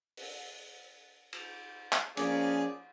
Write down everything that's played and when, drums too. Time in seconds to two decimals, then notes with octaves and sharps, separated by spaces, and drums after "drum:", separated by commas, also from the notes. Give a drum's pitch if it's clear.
0.17 drum: open hi-hat
1.33 drum: cymbal
1.93 drum: clap
2.17 F3 A#3 C#4 G#4 D5, drum: hi-hat